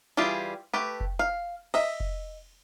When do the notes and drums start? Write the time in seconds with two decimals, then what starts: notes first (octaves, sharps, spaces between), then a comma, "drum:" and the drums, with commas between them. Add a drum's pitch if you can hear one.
0.17 E3 G3 F4 G4 G#4
0.74 A3 G4 B4
1.00 drum: kick F1
1.19 F5
1.74 D#5 E5, drum: cymbal
2.00 drum: kick F1